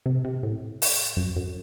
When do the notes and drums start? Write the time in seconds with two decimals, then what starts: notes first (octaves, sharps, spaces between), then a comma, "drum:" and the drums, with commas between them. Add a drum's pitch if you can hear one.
0.06 C3
0.24 C3
0.43 A2
0.82 drum: open hi-hat
1.17 F#2
1.36 F#2